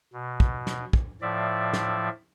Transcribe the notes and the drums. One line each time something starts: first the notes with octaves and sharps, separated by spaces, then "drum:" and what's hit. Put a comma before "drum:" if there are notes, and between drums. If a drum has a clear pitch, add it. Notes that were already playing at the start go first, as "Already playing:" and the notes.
B2
drum: kick
drum: snare
drum: kick
A2 F3 D5 E5
drum: snare